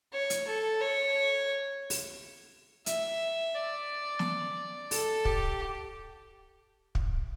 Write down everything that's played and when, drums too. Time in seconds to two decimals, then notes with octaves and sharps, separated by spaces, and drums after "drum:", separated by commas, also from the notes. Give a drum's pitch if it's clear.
0.13 C#5
0.30 drum: hi-hat
0.47 A4
0.81 C#5
1.90 drum: open hi-hat
2.86 E5, drum: hi-hat
3.55 D5
4.19 drum: snare
4.91 A4, drum: open hi-hat
5.25 G4, drum: kick
6.95 drum: kick